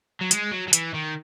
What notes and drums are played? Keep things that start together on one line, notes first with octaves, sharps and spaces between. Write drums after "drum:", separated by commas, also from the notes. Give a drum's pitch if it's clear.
F#3
G#3, drum: hi-hat
F#3
F#3
E3, drum: hi-hat
D#3